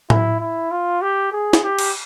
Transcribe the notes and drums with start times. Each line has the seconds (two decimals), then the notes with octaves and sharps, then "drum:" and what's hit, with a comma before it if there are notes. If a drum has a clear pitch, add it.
0.10 E4, drum: tom A2
0.40 E4
0.71 F4
1.02 G4
1.32 G#4
1.53 drum: snare
1.64 G4
1.79 drum: cymbal